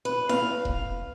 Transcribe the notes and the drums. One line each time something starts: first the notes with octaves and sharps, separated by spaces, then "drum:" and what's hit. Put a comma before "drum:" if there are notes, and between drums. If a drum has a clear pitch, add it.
B4
F5, drum: snare E4
drum: kick E1